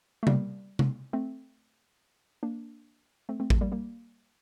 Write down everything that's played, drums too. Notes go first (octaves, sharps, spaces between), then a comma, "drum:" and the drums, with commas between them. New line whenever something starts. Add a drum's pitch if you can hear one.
A3
G3 A#3, drum: tom C3
drum: tom C3
A3 C4
A#3 D4
A3 C4
A3 C4
F3 A3, drum: kick
G3 A#3
G3 A#3